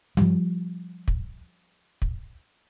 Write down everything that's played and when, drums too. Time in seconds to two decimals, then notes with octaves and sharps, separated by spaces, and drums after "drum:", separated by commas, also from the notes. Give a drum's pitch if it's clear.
0.17 F3 G3, drum: tom G2
1.08 drum: kick
2.02 drum: kick